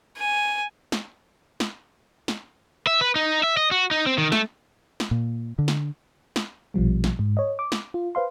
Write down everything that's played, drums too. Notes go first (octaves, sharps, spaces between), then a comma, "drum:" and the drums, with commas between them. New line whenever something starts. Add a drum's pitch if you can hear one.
G#5
drum: snare
drum: snare
drum: snare
E5
B4
D#4
E5
D#5
F#4
D#4
C4
D#3
A3, drum: snare
drum: snare
A#2
D3
drum: snare
drum: snare
A#1 B2 F3 G3
drum: snare
G#2
C#5 D#5
D6
drum: snare
F4
B4 C5 F5 C6